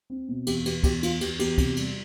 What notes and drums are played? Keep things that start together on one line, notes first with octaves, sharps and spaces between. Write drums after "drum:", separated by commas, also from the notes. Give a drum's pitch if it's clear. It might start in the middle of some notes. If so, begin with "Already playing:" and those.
C4
B2
E2 G4, drum: cymbal
E2 G4, drum: cymbal
E2 G4, drum: kick, cymbal
E2 F4, drum: cymbal
E2 G4, drum: cymbal
E2 G4, drum: cymbal
C3, drum: kick, cymbal
G3, drum: cymbal